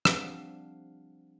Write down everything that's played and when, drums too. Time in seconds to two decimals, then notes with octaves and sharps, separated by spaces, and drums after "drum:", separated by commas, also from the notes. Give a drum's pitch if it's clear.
0.05 F3 G3 C4 D4 F5 F#5, drum: rim click